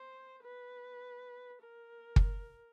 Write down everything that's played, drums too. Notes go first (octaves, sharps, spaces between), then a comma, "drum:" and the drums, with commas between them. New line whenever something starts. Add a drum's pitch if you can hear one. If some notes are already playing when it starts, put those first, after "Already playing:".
Already playing: C5
B4
A#4
drum: kick